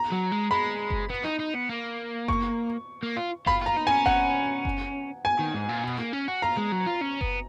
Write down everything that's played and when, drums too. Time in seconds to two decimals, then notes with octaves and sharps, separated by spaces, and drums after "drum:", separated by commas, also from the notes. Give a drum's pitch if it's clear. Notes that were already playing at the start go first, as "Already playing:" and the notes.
Already playing: A#5
0.12 F#3
0.32 G#3
0.51 G#3 B5
0.90 drum: kick F#1
1.10 B3
1.25 D#4
1.40 D#4
1.55 B3
1.69 A#3
2.28 C#6, drum: kick F#1
3.03 A#3
3.17 F4
3.46 F4 B5, drum: kick F#1
3.61 F4 A#5
3.77 D#4
3.87 G#5
3.91 C#4
4.06 F#5, drum: kick F#1
4.65 drum: kick F#1
5.25 G#5
5.39 D#3
5.54 G#2
5.69 A#2
5.83 B2
5.98 A#3
6.13 C#4
6.28 F#4
6.42 F4 A#5
6.57 G#3
6.72 F#3
6.87 F4
7.01 C#4
7.21 B3, drum: kick F#1